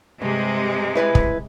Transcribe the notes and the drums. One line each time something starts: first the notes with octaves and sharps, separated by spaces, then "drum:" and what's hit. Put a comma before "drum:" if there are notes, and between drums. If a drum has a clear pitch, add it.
G2 C3 G#3
E4 B4 G#5
drum: kick